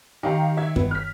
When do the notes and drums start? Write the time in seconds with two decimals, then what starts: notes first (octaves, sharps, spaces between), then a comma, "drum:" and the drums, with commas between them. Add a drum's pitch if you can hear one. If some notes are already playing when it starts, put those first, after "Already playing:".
0.23 D#3 G4 F5 A#5
0.57 E5 G#6
0.76 B3, drum: kick F#2
0.91 F6 B6